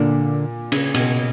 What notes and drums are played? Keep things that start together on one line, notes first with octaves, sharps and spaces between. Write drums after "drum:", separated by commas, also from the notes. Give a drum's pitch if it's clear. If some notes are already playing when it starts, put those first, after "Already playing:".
Already playing: A#2 D3 A#3 D4
C#3, drum: cymbal
B2, drum: cymbal